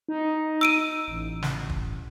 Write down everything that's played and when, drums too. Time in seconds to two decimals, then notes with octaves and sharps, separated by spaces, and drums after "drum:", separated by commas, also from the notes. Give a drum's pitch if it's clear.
0.09 D#4
0.61 E6 D7 D#7
1.08 A1
1.42 drum: snare
1.70 drum: kick